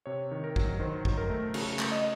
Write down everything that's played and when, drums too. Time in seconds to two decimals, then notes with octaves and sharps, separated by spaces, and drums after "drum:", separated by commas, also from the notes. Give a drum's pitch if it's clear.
0.06 C3 C#5
0.31 D#3
0.44 A#4
0.56 F#3, drum: kick
0.80 D#3 C5
1.05 F#3, drum: kick
1.17 A#4
1.30 A3
1.54 C#3 F#4, drum: cymbal
1.79 A3, drum: clap
1.92 D#5